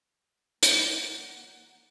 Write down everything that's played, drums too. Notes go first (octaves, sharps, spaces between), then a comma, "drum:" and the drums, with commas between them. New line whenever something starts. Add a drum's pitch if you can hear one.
A#3 F#5, drum: hi-hat